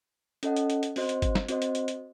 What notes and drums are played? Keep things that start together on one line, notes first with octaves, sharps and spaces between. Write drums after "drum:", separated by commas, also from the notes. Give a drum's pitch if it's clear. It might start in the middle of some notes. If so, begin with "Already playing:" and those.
C#4 A4 D#5 F#5, drum: hi-hat
drum: hi-hat
drum: hi-hat
drum: hi-hat
C4 F#4 C5 D#5, drum: open hi-hat
drum: hi-hat
drum: kick G1, hi-hat
drum: snare
C4 F#4 C5 D#5, drum: hi-hat
drum: hi-hat
drum: hi-hat
drum: hi-hat